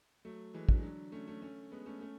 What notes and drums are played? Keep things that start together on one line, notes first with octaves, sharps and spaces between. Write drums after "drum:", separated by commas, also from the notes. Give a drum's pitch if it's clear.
F#3 A3
E3 G#3
D3 F#3, drum: kick
G#3
D3 F#3
A3 C#4
A3 C#4
A3 C#4
G#3 B3
A3 C#4
A3 C#4